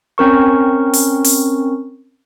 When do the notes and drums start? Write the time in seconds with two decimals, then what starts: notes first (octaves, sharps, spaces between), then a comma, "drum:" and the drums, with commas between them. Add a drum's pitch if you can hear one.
0.18 C4 C#4 A#4 C#6
0.94 drum: open hi-hat
1.25 drum: open hi-hat